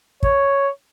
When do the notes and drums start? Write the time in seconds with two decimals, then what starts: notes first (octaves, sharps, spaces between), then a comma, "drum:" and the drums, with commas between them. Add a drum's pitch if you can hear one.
0.23 C#5, drum: kick